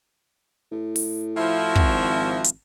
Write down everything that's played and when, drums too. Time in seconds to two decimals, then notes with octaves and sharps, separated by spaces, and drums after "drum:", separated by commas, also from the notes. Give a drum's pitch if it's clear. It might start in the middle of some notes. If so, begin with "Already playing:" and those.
0.72 A2
0.96 drum: open hi-hat
1.37 F3 E4 F#4
1.75 G#1, drum: kick
2.44 drum: hi-hat